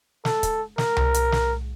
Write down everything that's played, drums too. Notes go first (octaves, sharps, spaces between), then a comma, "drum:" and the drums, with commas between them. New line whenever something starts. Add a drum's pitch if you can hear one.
A4, drum: snare
drum: kick, hi-hat
A#4, drum: snare
drum: tom C2
drum: hi-hat
drum: snare